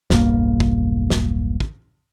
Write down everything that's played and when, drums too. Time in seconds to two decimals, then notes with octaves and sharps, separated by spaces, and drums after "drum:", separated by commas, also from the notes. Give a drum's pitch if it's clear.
0.10 E1 B1 G2 A#3, drum: snare
0.60 drum: kick
1.10 drum: snare
1.60 drum: kick